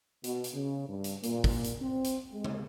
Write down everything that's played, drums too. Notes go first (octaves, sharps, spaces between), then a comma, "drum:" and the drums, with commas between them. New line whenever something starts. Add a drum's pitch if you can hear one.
B2, drum: hi-hat
drum: hi-hat
C#3
G2
drum: hi-hat
A#2, drum: hi-hat
drum: kick, open hi-hat
drum: hi-hat
C4
drum: hi-hat
G#3
drum: tom C#3